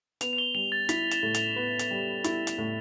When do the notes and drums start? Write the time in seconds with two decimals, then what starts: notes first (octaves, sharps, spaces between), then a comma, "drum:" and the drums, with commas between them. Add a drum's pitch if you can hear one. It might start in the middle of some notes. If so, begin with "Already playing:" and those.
0.21 B3 F7, drum: hi-hat
0.33 F7
0.38 G7
0.55 G3 F7
0.72 A6
0.89 E4 B6, drum: hi-hat
1.11 E7, drum: hi-hat
1.23 A2
1.34 F7, drum: hi-hat
1.56 B3 G7
1.79 drum: hi-hat
1.91 G3
2.24 E4, drum: hi-hat
2.47 drum: hi-hat
2.58 A2